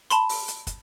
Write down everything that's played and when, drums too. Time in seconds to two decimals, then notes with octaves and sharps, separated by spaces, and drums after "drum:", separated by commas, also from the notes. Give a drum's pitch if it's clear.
0.10 A5 B5 C6, drum: hi-hat
0.29 drum: open hi-hat
0.48 drum: hi-hat
0.67 drum: kick, hi-hat